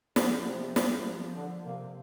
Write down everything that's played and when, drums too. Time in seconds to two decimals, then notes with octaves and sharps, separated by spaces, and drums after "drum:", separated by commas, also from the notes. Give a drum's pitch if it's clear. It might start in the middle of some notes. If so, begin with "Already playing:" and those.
0.16 D3 F3, drum: snare
0.46 C3 F3
0.76 G3, drum: snare
1.06 F3
1.36 D3
1.65 C3 A#3